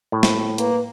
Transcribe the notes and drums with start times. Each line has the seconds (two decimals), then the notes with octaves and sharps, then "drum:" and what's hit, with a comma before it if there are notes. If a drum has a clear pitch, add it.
0.12 A2
0.23 drum: snare
0.58 A#3 B4, drum: hi-hat